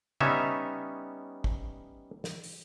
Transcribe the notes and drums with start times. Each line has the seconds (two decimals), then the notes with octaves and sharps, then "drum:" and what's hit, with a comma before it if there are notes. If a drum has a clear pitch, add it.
0.21 G3 B3 C#4 D#4 C#5 E5, drum: tom C#3
1.44 drum: kick
2.24 drum: snare
2.43 drum: open hi-hat